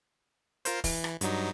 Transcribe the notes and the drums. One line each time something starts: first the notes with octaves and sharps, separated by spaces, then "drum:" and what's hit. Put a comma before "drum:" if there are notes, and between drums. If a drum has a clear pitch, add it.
F4 A#4 C5, drum: hi-hat
E3, drum: kick, open hi-hat
drum: rim click
G2 F#3 D#4, drum: hi-hat